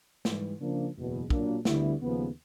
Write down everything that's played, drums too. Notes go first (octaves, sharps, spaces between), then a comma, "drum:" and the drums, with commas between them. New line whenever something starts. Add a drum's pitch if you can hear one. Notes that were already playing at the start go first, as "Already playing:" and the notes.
G#2 E3 G3, drum: snare
C#3 F3 A#3 D4
F#1 E2 B2
A#2 F#3 A#3 D4, drum: kick
D2 D3 G3 B3 E4, drum: snare
D#2 C#3 F3 G#3 B3